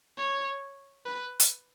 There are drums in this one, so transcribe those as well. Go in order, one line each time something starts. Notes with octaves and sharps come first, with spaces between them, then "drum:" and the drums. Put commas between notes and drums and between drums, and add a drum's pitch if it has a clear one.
C#5
B4
drum: hi-hat